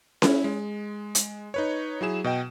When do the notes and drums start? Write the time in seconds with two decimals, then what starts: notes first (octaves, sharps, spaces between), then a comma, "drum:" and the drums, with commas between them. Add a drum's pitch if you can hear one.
0.22 C#4 E4, drum: snare C#4
0.44 G#3
1.15 drum: hi-hat
1.54 D#4 B4 C#5
2.01 F#3 E4 G#4 E7
2.24 B2 D#5 G5